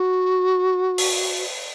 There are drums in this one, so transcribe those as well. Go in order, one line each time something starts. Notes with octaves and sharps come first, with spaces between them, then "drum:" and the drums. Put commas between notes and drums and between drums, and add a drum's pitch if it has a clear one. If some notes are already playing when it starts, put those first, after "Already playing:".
Already playing: F#4
drum: open hi-hat